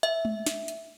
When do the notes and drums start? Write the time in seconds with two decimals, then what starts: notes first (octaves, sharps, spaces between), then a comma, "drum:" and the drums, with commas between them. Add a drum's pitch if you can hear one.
0.03 E5, drum: hi-hat
0.25 drum: tom G#3
0.46 drum: snare
0.68 drum: hi-hat